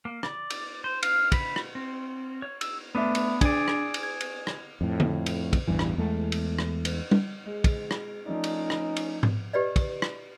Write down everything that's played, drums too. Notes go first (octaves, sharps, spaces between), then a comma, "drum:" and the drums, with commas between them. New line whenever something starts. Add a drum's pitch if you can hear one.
A#3
D5, drum: rim click
drum: cymbal
C5
F5, drum: cymbal
B5, drum: kick, cymbal
drum: rim click
C4
C#5
E6, drum: cymbal
A3 B3 D4 E5
drum: cymbal
D4 G#4 D5, drum: kick, cymbal
drum: rim click
drum: cymbal
G#6
drum: cymbal
drum: rim click
F2 A2
drum: tom D3
drum: cymbal
drum: kick, cymbal
A1 E2 G2 E3
drum: rim click
E2 G#3 A3
drum: cymbal
drum: rim click
drum: cymbal
drum: tom G3
G#3
drum: kick, cymbal
drum: rim click
F3 A3 C#4 D#4 D5
drum: cymbal
drum: rim click
drum: cymbal
drum: tom G#2
G4 B4 D5 D#5
drum: kick, cymbal
drum: rim click